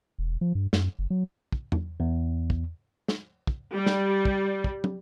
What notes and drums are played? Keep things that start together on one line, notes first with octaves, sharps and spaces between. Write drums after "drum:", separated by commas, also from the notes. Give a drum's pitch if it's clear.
E1
F3
G2
F#2, drum: snare
F#1
F#3
drum: kick
drum: tom E2
E2
drum: kick
drum: snare
drum: kick
G3
drum: snare
drum: kick
drum: kick
drum: tom